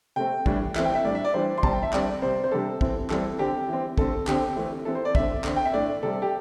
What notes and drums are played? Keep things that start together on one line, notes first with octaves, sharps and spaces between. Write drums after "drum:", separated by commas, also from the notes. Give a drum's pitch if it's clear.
C3 A3 C4 G5
A2 E3 G3 D4, drum: kick
E3 A3 C4 E5, drum: clap
G5
E5
A2 G3 D4 D5
E5
D5
E3 G3 D4 C5
C6
C3 G3 C4 A5, drum: kick
G5
E5
D3 G3 C4 D5, drum: clap
C3 G3 C4 C5
C5
C3 G3 D4 A4
E3 C4, drum: kick
E3 G3 C4 A4, drum: clap
D3 C4 G4
E3 C4
D3 A3 C4 A4, drum: kick
D3 C4 G4, drum: clap
E3 A3 C4
E3 C4 A4
C5
D5
D3 A3 C4 E5, drum: kick
D3 C4, drum: clap
G5
E5
A2 A3 D4 D5
C3 G3 C4 A4
G4